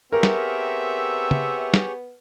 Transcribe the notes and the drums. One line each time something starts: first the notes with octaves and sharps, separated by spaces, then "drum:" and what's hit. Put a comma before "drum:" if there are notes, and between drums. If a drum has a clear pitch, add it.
B3 C4 G4 G#4 A#4 C#5 E5
drum: snare
drum: tom
drum: snare